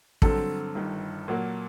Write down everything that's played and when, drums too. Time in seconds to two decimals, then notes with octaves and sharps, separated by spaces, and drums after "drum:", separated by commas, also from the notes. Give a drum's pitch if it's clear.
0.22 G2 D3 F#3 C4 A4, drum: kick
0.75 G1 G2 D#3
1.28 A#2 F#3 A#3 F#4